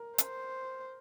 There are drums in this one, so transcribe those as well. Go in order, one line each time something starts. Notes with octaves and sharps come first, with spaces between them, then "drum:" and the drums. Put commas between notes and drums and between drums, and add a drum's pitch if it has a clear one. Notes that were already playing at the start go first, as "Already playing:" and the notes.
Already playing: A#4
C5, drum: hi-hat